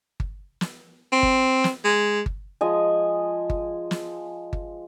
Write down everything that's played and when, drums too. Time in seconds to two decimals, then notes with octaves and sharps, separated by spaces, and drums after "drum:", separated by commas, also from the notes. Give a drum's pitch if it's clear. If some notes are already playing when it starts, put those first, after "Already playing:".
0.20 drum: kick G1
0.61 drum: snare
1.12 C4
1.23 drum: kick G1
1.64 drum: snare
1.85 G#3
2.26 drum: kick G1
2.61 F3 G#3 D#5 G#5
3.50 drum: kick G1
3.91 drum: snare
4.53 drum: kick G1